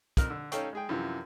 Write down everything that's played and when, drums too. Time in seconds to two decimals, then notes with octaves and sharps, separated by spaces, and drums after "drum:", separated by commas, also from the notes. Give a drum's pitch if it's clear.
0.17 F2 A#4 F6, drum: kick, hi-hat
0.29 D3 E6
0.52 C#4 D#4 A4 F5 G5 C#6, drum: hi-hat
0.73 G#3 G#4 G5
0.89 F#2 C3 E3 F3